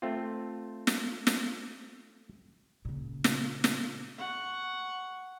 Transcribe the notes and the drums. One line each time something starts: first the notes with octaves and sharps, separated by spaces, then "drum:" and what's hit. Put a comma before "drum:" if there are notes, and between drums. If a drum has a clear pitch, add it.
A3 C4 F4
drum: snare
drum: snare
A#2 C#3
drum: snare
drum: snare
F#5 C#6